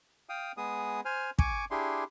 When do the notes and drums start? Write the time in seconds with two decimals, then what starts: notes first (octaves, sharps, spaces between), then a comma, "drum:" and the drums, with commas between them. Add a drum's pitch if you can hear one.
0.29 F5 G5 D#6
0.57 G#3 B3 G#4 D#6
1.05 C5 G#5 F6
1.39 G#5 C#6 D6, drum: kick
1.71 D4 E4 G4 G#4 C6